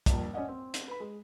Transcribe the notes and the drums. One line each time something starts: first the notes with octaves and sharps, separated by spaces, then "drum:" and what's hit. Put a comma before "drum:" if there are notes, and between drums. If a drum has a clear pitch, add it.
D#1 A#1, drum: kick, hi-hat
C#4 D5 D#5 F#5
C4
drum: hi-hat
B4 B5
G#3